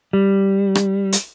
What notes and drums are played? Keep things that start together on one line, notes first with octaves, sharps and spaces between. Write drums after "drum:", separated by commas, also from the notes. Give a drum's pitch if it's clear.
G3
drum: rim click
drum: hi-hat